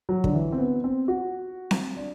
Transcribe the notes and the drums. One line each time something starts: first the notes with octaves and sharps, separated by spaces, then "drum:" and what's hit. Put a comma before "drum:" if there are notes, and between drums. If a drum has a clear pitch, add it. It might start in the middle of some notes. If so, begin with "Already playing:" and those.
F#3
D3, drum: kick
E3
C4
B3
C4
F#4
drum: snare C4
D4